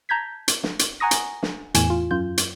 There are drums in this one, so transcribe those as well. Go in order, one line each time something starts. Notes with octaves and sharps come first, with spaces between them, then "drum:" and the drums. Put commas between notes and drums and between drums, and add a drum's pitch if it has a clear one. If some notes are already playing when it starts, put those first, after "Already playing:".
A5 A#5 G6 G#6 B6
drum: hi-hat
drum: snare
drum: hi-hat
F#5 G#5 A#5 C#6 D#6 A#6
drum: hi-hat
drum: snare
E2 A2 G#5 E7, drum: hi-hat
F4
F#2 F4 G6
drum: hi-hat